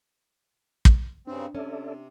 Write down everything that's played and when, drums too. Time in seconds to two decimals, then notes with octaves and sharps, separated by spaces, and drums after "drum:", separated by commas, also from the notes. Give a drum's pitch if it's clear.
0.85 drum: kick
1.27 G2 C#3 C4 D4
1.55 C3 C#4 A4 D5 E5